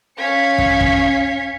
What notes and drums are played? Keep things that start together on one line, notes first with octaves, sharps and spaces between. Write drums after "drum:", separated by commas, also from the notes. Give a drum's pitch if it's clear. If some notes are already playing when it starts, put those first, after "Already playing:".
C#4 F5 G#6 B6 C#7
drum: kick
drum: kick